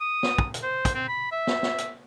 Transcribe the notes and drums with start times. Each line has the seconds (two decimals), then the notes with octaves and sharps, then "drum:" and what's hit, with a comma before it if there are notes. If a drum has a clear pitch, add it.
0.01 D#6
0.23 drum: snare
0.38 drum: kick
0.54 drum: hi-hat
0.63 C5
0.85 drum: kick, hi-hat
0.95 C4
1.08 B5
1.32 E5
1.47 drum: snare
1.63 drum: snare
1.78 drum: hi-hat